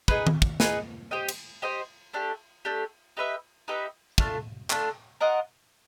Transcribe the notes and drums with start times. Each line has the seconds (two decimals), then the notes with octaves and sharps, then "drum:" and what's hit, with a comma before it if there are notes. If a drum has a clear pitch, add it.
0.08 D#4 G#4 B4, drum: kick
0.27 drum: tom D#3
0.42 drum: kick
0.60 D#4 G#4 B4, drum: snare
1.11 G4 C5 D#5 G5
1.28 drum: cymbal
1.62 G4 C5 D#5 G5
2.13 A3 D4 G4
2.65 A3 D4 G4
3.17 D#4 G4 B4 E5
3.68 D#4 G4 B4 E5
4.18 A3 D4 F4, drum: kick
4.70 A3 D4 F4, drum: clap
5.21 F4 A#4 D#5 F#5